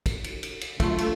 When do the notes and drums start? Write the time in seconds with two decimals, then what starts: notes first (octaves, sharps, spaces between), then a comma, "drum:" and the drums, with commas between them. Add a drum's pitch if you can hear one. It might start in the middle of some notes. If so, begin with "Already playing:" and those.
0.06 drum: kick, cymbal
0.24 drum: cymbal
0.43 drum: cymbal
0.61 drum: cymbal
0.80 D2 F#3 A3 F4, drum: kick, cymbal
0.98 drum: cymbal